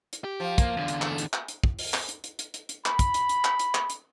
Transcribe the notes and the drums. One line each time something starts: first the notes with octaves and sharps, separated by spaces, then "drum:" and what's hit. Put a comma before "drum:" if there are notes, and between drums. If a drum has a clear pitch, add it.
drum: hi-hat
G4
F3
A#3, drum: kick, hi-hat
E2 D3
drum: hi-hat
A3, drum: clap
drum: hi-hat
drum: clap
drum: hi-hat
drum: kick
drum: open hi-hat
drum: clap
drum: hi-hat
drum: hi-hat
drum: hi-hat
drum: hi-hat
drum: hi-hat
B5, drum: clap
drum: kick, hi-hat
drum: hi-hat
drum: hi-hat
drum: clap
drum: hi-hat
drum: clap
drum: hi-hat